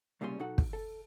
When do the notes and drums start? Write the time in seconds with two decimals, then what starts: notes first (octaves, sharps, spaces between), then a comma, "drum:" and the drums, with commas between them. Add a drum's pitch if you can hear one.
0.21 C2 A#2 C#3 G3 C#4 C6
0.40 B1 D#4 F#4 A4 F#5
0.58 drum: kick
0.73 A4